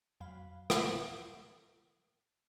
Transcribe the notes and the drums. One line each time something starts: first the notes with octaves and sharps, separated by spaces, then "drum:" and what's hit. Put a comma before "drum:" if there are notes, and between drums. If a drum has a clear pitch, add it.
F2 F#3 F5 B5
drum: rim click